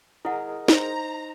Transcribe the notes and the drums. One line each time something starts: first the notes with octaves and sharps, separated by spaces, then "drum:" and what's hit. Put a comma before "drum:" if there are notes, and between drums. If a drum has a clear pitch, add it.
E4 G#4 A#4 D#5 F#5
D#4 C5 A#5, drum: snare